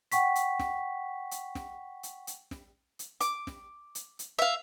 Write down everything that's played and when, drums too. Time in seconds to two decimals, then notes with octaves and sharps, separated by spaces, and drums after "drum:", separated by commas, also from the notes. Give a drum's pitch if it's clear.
0.12 F#5 G5 C#6 B6, drum: hi-hat
0.35 drum: hi-hat
0.59 drum: snare
1.31 drum: hi-hat
1.55 drum: snare
2.03 drum: hi-hat
2.27 drum: hi-hat
2.51 drum: snare
2.99 drum: hi-hat
3.20 D6, drum: hi-hat
3.47 drum: snare
3.95 drum: hi-hat
4.19 drum: hi-hat
4.39 E5 F5